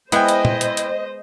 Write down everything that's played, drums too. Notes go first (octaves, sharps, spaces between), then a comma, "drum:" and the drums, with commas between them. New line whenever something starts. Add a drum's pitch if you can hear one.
G#3 B3 E4 C5 D#5 G5, drum: hi-hat
drum: hi-hat
drum: tom
drum: hi-hat
drum: hi-hat